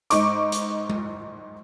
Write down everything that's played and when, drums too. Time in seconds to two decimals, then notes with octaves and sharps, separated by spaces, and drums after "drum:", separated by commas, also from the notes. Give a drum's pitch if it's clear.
0.10 G#2 D#4 C#6 D6, drum: hi-hat
0.52 drum: hi-hat
0.90 drum: tom G#3